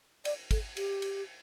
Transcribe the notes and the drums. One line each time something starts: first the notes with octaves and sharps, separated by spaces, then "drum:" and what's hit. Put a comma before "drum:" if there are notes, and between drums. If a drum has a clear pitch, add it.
D5, drum: cymbal
A4, drum: kick, cymbal
G4, drum: cymbal
drum: cymbal